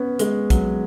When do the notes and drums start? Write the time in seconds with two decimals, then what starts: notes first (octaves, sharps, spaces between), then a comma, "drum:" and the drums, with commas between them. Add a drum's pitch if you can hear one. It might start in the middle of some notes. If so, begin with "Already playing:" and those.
Already playing: B3 C#4
0.19 G#3, drum: hi-hat
0.50 F#3, drum: kick A#1, hi-hat